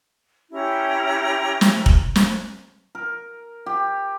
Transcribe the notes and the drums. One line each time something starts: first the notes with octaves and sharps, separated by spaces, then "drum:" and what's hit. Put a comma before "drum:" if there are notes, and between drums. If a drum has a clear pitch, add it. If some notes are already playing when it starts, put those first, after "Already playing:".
C#4 E4 G4 A#5
drum: snare
drum: kick F1
drum: snare
A#4
G4